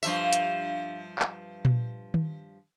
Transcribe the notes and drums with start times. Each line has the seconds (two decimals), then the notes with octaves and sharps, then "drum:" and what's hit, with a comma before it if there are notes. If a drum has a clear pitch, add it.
0.03 G2 F3 E5, drum: tambourine
0.33 drum: hi-hat
1.19 drum: clap
1.65 drum: tom A#2
2.14 drum: tom D#3